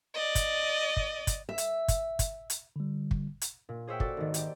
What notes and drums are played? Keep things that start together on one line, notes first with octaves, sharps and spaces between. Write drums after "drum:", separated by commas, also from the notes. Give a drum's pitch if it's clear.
D5 D#5
drum: kick, hi-hat
drum: kick
drum: kick, hi-hat
E5
drum: hi-hat
drum: kick, hi-hat
drum: kick, hi-hat
drum: hi-hat
D3 G3
drum: kick
drum: hi-hat
A#2
G#4 C5 C#5 E5 F#5 G5
F#4 A4 D5, drum: kick
G#1 D#3
G4 D5, drum: hi-hat